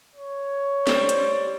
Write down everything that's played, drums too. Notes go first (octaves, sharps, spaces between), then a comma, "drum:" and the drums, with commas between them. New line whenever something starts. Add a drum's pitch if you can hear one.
C#5
G3 G4 C5, drum: snare
drum: hi-hat